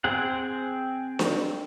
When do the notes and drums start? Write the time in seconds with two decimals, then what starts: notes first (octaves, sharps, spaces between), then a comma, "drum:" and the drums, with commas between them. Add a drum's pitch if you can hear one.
0.04 C4 G#4 F#5
1.19 drum: snare D4